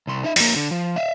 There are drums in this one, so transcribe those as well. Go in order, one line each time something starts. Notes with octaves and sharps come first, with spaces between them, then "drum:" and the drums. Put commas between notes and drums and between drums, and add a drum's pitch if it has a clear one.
C2 C6
D#4 E5
F2 A#3, drum: open hi-hat
D3
F3
E5 F5